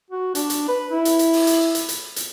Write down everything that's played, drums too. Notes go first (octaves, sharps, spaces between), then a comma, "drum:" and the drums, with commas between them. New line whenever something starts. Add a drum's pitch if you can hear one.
F#4
D4, drum: hi-hat
drum: hi-hat
B4
E4
drum: hi-hat
drum: hi-hat
drum: open hi-hat
drum: hi-hat
drum: hi-hat
drum: hi-hat
drum: hi-hat